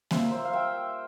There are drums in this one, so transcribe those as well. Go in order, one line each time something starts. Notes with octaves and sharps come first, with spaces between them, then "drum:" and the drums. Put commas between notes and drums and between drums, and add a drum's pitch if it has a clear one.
G3 A#3 F4 C5 E5, drum: snare A#3
C5 E5
F5
E5 G5